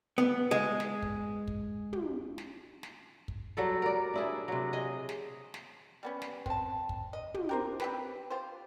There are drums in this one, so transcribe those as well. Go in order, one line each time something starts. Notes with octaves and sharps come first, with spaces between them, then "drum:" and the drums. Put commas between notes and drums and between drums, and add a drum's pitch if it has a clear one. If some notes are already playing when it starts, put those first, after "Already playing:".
B3
G#3
drum: snare
drum: kick
drum: kick
drum: tom
drum: snare
drum: snare
drum: kick
F#3 G3 A4
A#4 D5
D4 E4 G#4
C3 F#3
G#4 D#5
drum: snare
drum: snare
G3 B3 C#4
drum: snare
C4 A5, drum: kick
drum: kick
D#5
drum: tom
G4 A#4 C5
C4 G4 B4, drum: snare
F4 G4 C5